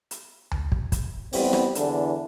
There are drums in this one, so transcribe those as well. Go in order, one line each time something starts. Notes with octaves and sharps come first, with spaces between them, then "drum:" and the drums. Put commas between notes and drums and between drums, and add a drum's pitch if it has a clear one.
drum: hi-hat
drum: tom D2
drum: kick
drum: kick, hi-hat
A1 G3 B3 C4 E4, drum: open hi-hat
drum: rim click
E2 D3 E3 A4, drum: hi-hat